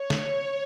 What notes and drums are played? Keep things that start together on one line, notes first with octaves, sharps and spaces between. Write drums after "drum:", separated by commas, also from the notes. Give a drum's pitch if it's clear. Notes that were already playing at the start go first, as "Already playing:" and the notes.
Already playing: C#5
drum: snare